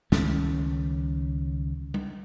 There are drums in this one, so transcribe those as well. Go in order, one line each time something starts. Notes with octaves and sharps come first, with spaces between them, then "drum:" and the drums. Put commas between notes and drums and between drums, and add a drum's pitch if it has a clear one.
C#2 D#3 G3 C#4, drum: snare
drum: tom G3